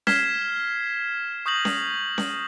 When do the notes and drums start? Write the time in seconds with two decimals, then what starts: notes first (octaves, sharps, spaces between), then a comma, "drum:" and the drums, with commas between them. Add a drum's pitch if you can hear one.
0.07 F6 G#6 B6 C7 E7 G7, drum: snare C#4
1.46 C#6 D#6 G6 A#6 F#7
1.65 drum: snare C#4
2.18 drum: snare C#4